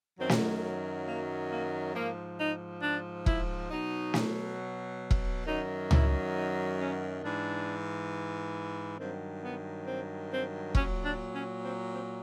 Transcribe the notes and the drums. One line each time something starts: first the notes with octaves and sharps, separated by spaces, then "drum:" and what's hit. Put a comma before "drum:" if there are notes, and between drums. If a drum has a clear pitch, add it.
F#2 D#3 F#3 C4
drum: snare
A#3
A#3
G#2 F3 A#3
D#4
D4
E4, drum: kick E1
B2 F#3 D#4
drum: snare
drum: kick E1
F#2 D#3 F#3 D#4
E4, drum: tom C#2
D#4
C#4
G#2 E3 D4
G2 D#3 F#3 C4
B3
C4
C4
A#2 F#3 C#4, drum: kick E1
D4
C#4
C4
C4